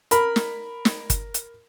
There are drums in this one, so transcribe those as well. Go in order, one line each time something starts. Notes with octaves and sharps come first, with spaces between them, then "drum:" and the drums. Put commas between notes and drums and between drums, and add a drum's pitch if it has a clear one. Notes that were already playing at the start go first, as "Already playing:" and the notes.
A#4 B5, drum: hi-hat
drum: snare
drum: snare
drum: kick G1, hi-hat
drum: hi-hat